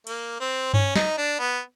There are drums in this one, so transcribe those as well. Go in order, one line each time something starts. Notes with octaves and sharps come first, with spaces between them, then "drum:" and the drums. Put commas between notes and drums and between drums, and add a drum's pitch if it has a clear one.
A#3, drum: cymbal
C4
C#4, drum: tom G2
D#4, drum: snare
D4
B3